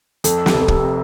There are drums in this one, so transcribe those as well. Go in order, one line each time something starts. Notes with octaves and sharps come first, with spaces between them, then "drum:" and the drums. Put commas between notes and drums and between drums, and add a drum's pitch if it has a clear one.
F2 A4, drum: hi-hat
A4, drum: snare
F1
A4
G4, drum: kick
C3